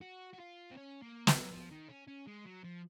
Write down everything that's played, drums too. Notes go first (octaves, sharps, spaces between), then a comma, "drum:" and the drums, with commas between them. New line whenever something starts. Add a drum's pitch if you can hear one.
F#4
F#4
F4
C4
C#4
A#3
F#3, drum: snare
F3
D#3
C#4
C#4
G#3
F#3
F3